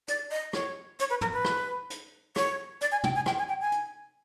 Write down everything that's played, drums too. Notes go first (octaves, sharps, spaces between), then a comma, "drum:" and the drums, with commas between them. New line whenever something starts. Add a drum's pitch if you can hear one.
D5, drum: hi-hat
D#5
C#5, drum: rim click
C#5, drum: hi-hat
B4
A#4, drum: tom
B4
drum: rim click
drum: hi-hat
C#5, drum: rim click
D5, drum: hi-hat
G#5
G5, drum: tom
G#5
G5, drum: rim click
G#5
G5
G#5
drum: hi-hat